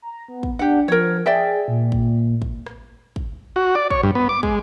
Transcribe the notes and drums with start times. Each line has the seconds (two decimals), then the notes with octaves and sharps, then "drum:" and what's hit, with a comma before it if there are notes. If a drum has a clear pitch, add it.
0.02 A#5
0.28 B3
0.43 drum: kick
0.59 D4 G4 F#5
0.88 F3 A#4 C#5
1.26 G#4 D5 E5 G5
1.68 A#2
1.92 drum: kick
2.42 drum: kick
2.66 drum: rim click
3.16 drum: kick
3.56 F#4
3.75 D5
3.91 C#5, drum: kick
4.03 G2
4.15 B3
4.29 D6
4.43 G#3, drum: kick